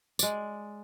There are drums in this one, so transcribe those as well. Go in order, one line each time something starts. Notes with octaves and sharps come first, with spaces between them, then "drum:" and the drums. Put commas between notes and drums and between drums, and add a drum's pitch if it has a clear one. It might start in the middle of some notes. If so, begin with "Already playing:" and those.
G#3 D5, drum: tambourine